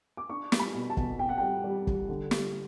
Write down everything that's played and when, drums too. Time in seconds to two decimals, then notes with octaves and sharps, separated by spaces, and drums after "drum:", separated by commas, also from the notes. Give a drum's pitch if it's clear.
0.17 D6
0.30 D4 C#6
0.52 G3, drum: snare
0.60 B5
0.75 B2
0.90 A5
0.97 B2, drum: kick
1.19 B2 G5
1.29 F#5
1.38 G3 G5
1.64 G3
1.87 G3, drum: kick
2.09 D3
2.31 G3, drum: snare